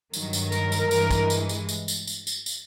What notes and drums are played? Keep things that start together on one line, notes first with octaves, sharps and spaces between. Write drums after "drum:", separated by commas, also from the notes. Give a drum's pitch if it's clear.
G2 D#3 F#3, drum: tambourine
drum: tambourine
A#4, drum: tambourine
drum: tambourine
G2 E3 G#3 A#4, drum: tambourine
drum: kick, tambourine
drum: tambourine
drum: tambourine
drum: tambourine
drum: tambourine
drum: tambourine
drum: tambourine
drum: tambourine